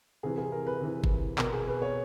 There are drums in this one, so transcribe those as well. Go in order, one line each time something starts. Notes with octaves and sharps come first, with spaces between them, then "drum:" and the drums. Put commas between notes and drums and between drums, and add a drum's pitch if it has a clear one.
C3 E3 G#4
G#4
A#4
B4
C3 E3
drum: kick G1
B2 A#4, drum: clap
G#4
B4
C#5